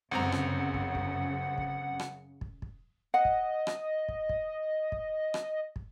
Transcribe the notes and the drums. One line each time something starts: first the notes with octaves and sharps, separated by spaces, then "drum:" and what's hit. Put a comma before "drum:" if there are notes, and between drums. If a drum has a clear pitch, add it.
G1 F#2 C#3 C4 F#5 A#5
drum: rim click
drum: kick
drum: kick
drum: kick
drum: rim click
drum: kick
drum: kick
D#5 F#5
drum: kick
drum: rim click
drum: kick
drum: kick
drum: kick
drum: rim click
drum: kick